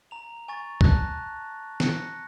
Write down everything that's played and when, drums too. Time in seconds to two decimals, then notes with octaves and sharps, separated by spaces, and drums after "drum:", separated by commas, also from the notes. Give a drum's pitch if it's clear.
0.11 A#5 F7
0.48 G#5 C#6 A6
0.81 A5 F#6 A#6, drum: kick
1.80 F#6 A#6 C#7, drum: snare